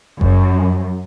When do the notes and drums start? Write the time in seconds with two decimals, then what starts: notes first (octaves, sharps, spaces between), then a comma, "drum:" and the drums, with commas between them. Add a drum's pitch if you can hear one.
0.21 F#2, drum: kick F#1